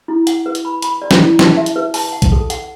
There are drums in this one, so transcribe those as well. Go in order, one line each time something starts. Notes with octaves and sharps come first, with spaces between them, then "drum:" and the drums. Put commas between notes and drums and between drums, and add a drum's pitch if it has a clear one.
E4
F#5, drum: hi-hat
B4
drum: hi-hat
B5
B5, drum: hi-hat
D5
drum: snare
E4
A5, drum: snare
E5
drum: hi-hat
B4
A5, drum: open hi-hat
F#5
drum: kick, hi-hat
A4
F#5, drum: hi-hat